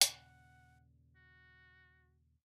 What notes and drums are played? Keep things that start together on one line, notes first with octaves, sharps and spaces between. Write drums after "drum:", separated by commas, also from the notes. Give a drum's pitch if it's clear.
D#2 A#2 C#3 F#5, drum: hi-hat
F#4